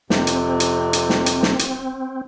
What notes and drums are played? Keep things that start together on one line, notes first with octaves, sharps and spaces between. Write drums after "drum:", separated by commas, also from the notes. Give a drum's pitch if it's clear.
F2 C3 C4, drum: snare
drum: hi-hat
drum: hi-hat
drum: hi-hat
drum: snare
drum: hi-hat
drum: snare
drum: hi-hat